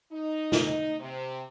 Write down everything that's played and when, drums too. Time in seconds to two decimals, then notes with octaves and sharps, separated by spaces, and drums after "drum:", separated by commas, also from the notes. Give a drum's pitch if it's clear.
0.12 D#4
0.52 drum: snare
1.00 C3